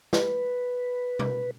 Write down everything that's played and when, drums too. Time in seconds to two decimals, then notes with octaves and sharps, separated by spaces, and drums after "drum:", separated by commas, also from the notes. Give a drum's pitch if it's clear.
0.13 B4, drum: snare
1.19 drum: tom